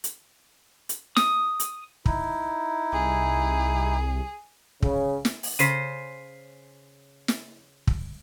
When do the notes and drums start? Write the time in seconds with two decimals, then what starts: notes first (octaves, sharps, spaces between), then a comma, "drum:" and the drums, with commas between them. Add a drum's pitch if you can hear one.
0.04 drum: hi-hat
0.89 drum: hi-hat
1.17 D#6, drum: snare
1.60 drum: hi-hat
2.06 D#4 E4, drum: kick
2.93 C2 G#4
4.82 C#3, drum: kick
5.25 drum: snare
5.43 drum: open hi-hat
5.59 C#3 C5 B6 C7 D#7, drum: hi-hat
7.28 drum: snare
7.87 drum: kick